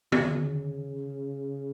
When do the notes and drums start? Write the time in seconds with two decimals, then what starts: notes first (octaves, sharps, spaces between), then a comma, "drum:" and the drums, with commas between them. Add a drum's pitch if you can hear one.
0.12 C#3, drum: tom